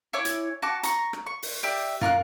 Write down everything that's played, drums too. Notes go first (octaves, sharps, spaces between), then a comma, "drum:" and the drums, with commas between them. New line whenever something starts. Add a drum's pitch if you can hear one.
E4 C#5 G#5 D6
drum: hi-hat
F#4 A5 C#6 D6
A#5 C#6, drum: hi-hat
drum: rim click
C#6
drum: open hi-hat
G4 D5 E5
F4 A#4 C#6 F#6, drum: tom